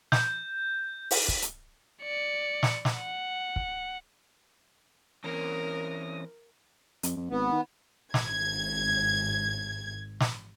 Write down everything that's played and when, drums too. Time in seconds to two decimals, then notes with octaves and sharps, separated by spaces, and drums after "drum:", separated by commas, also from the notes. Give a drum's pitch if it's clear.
0.12 G6, drum: snare
1.11 drum: open hi-hat
1.28 drum: kick
1.42 drum: hi-hat
2.02 D5 C#7
2.63 drum: snare
2.85 drum: snare
2.98 F#5
3.56 drum: kick
5.24 E3 A#3 C4 C#4 A#4 D#6 A#6
7.03 F2, drum: hi-hat
7.17 F2
7.30 G#1 B3
7.52 D#3
8.14 G#1 G#6, drum: snare
10.20 drum: snare